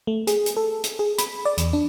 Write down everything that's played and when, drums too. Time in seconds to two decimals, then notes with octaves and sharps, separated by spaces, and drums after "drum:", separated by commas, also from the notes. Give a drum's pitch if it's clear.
0.07 A3
0.27 G#4, drum: hi-hat
0.46 drum: hi-hat
0.57 A4
0.84 drum: hi-hat
0.99 G#4
1.18 B5, drum: hi-hat
1.45 D5
1.58 E2, drum: hi-hat
1.73 D4